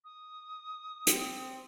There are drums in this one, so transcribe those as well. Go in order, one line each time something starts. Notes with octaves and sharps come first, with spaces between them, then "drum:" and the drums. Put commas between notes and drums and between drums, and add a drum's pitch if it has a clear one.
D#6
C4, drum: hi-hat